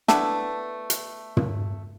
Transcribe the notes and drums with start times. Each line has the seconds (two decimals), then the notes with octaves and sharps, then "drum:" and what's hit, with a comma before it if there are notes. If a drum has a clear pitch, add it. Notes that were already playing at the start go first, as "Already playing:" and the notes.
0.08 A3 B3 D4 E4, drum: snare
0.90 drum: hi-hat
1.37 drum: tom